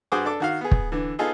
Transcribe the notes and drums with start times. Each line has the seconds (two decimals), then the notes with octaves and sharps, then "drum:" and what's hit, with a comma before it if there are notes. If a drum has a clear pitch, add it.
0.12 G2 F#4 G#4 C5 D6 D#6
0.25 D4 A4 D6
0.40 D#3 F#4 F5
0.61 B3 G#4
0.71 drum: kick
0.92 D3 E3
1.19 B3 D#4 F4 G#4 A4